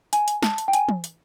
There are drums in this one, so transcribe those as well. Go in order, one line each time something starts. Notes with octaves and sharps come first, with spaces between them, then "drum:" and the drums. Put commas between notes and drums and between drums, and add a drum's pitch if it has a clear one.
G#5, drum: hi-hat
drum: hi-hat
A5, drum: snare
drum: hi-hat
G5
G#5, drum: hi-hat
drum: tom
drum: hi-hat